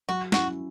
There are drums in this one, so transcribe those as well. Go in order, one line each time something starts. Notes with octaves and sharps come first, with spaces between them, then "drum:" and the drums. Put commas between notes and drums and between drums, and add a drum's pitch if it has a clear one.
F#3 F#4
C#4 E4 F#4, drum: snare